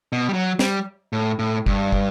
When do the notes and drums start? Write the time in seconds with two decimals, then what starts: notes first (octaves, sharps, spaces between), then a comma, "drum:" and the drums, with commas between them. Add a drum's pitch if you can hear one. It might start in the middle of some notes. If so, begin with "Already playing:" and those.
0.12 B2
0.29 G3
0.33 F#3
0.59 G3, drum: snare
1.13 A2
1.39 A2
1.66 G2, drum: kick
1.92 drum: kick